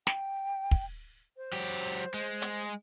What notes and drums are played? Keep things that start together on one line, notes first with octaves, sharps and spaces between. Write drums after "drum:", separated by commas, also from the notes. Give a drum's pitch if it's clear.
G5, drum: snare
drum: kick
C5
F#3 G4
G#3
drum: hi-hat